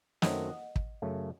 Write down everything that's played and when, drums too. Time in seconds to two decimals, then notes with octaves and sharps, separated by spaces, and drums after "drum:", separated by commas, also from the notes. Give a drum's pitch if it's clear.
0.22 F#2 D#3 F#3 A3 C4 D#5 F#5, drum: snare
0.76 drum: kick
1.02 F#2 C#3 A3